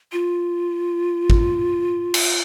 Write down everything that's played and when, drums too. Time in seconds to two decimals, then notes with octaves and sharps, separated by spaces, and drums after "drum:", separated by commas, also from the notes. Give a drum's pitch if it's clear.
0.12 F4
1.30 drum: kick
2.14 drum: cymbal